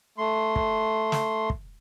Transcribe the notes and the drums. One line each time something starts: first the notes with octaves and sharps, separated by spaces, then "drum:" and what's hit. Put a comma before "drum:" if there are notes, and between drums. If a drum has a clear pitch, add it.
A3 C6
drum: kick
drum: snare
drum: kick